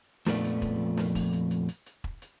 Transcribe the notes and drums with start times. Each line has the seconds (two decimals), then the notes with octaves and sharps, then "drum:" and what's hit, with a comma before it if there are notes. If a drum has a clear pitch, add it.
0.26 F2 A#2 F3 A3 B3 D5, drum: snare
0.44 drum: hi-hat
0.62 drum: kick E1, hi-hat
0.97 drum: snare
1.15 drum: kick E1, open hi-hat
1.33 drum: hi-hat
1.51 drum: hi-hat
1.69 drum: hi-hat
1.86 drum: hi-hat
2.04 drum: kick E1
2.22 drum: hi-hat